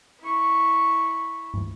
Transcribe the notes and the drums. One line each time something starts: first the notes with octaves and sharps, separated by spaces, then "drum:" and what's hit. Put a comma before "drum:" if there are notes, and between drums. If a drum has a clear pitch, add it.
E4 C#6
drum: tom